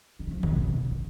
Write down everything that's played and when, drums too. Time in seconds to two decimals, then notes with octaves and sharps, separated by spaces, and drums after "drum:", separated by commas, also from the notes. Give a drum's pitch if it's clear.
0.19 D3
0.27 D#3
0.31 F3
0.43 D#3, drum: kick
0.50 B2
0.56 D3
0.91 B2